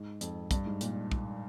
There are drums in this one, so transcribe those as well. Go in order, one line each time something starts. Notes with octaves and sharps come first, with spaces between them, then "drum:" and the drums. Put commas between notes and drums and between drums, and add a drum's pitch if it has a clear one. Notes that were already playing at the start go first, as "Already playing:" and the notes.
Already playing: G#2
F2, drum: hi-hat
G2, drum: kick, hi-hat
G#2
A#2, drum: hi-hat
drum: kick